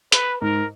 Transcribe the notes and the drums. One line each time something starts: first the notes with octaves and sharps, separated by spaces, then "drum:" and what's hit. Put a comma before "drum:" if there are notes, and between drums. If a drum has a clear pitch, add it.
B4, drum: hi-hat
G#2 A#4